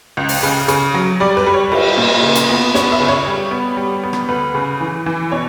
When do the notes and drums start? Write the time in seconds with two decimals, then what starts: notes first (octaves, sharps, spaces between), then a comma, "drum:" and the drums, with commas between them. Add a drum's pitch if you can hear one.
0.17 C#2
0.29 drum: open hi-hat
0.43 C#3
0.68 C#3, drum: hi-hat
0.94 F#3
1.20 G3 D5
1.37 B4
1.46 G3
1.54 C#5
1.72 G3, drum: cymbal
1.97 A#2
2.23 C#3
2.35 drum: hi-hat
2.49 B3
2.74 B3 C#5, drum: snare
2.92 E5
3.00 C#3
3.08 C#5
3.26 G3
3.51 B3
3.77 G3
4.03 B3
4.13 drum: rim click
4.29 D2 B4
4.55 C#3
4.81 E3
5.06 E3
5.31 B2 C#5